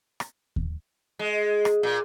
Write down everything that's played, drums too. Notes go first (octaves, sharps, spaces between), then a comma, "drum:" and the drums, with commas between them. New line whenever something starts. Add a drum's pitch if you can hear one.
drum: rim click
drum: kick D#2
G#3
drum: rim click
A#2